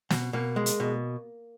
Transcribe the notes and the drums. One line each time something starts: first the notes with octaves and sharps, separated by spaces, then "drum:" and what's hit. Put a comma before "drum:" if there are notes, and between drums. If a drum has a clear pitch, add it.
B2, drum: snare
B2 A#3
G#3
drum: hi-hat
B2